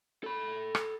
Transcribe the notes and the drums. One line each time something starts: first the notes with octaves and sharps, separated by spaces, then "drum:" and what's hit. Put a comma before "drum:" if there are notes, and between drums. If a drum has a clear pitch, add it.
A4 B5
drum: rim click